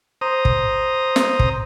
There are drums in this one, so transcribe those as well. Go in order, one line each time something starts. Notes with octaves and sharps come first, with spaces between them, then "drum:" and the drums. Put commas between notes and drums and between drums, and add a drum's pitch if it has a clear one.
C5 A#5 D#6
drum: kick
drum: snare
drum: kick